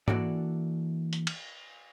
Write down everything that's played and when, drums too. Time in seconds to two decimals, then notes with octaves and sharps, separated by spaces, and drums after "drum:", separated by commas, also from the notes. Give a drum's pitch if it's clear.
0.08 E3 A#3 D4 F#4 A4 D5, drum: tom
1.13 drum: hi-hat
1.27 drum: cymbal